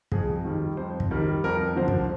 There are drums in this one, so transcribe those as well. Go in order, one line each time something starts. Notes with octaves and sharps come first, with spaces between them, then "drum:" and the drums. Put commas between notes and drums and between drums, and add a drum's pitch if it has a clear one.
F2 G#4, drum: kick
D#3 G3
F2 C5
drum: kick
D#3 G3 A#4
F2 A#4
D3 F3 C5
drum: kick